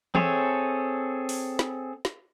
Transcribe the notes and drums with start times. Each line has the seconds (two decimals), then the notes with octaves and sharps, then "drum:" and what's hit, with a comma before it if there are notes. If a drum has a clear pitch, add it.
0.15 C4 G#4 A4 C#5 E5, drum: tom E3
1.29 drum: open hi-hat
1.59 drum: snare
2.05 drum: snare